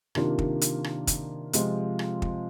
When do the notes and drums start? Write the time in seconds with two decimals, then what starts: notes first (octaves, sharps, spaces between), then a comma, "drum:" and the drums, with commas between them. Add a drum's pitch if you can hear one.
0.15 C3 D#3 A#3 D4 F4, drum: rim click
0.39 drum: kick
0.61 drum: hi-hat
0.84 drum: rim click
1.07 drum: kick, hi-hat
1.53 C3 F3 G#3 C4 F4, drum: hi-hat
1.99 drum: rim click
2.22 drum: kick